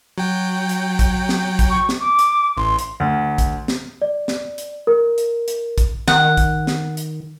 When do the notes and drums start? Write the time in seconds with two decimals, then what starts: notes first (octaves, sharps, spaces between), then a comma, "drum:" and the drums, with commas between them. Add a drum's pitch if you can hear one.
0.18 F#3 G5
0.69 drum: hi-hat
0.99 drum: kick, hi-hat
1.29 drum: snare
1.59 drum: kick, hi-hat
1.69 C#6
1.89 drum: snare
2.00 D6
2.19 drum: hi-hat
2.57 A1 C6
2.79 drum: hi-hat
3.00 D2
3.38 drum: kick, hi-hat
3.68 drum: snare
4.02 D5
4.28 drum: snare
4.58 drum: hi-hat
4.87 A#4
5.18 drum: hi-hat
5.48 drum: hi-hat
5.78 drum: kick, hi-hat
6.08 D#3 F#5, drum: snare
6.37 drum: kick, hi-hat
6.67 drum: snare
6.97 drum: hi-hat